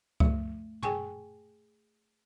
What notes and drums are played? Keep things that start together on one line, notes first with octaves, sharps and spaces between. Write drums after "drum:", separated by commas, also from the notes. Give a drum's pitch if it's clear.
A3, drum: kick C#2
G#4 G5 G#5 C#6, drum: tom